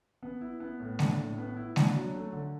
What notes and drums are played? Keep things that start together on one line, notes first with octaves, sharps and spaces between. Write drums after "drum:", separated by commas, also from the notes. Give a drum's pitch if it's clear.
B3
E4
B3
A2
D4, drum: snare G#3
A2
B3
E4
D4, drum: snare G#3
F#3
A3
D3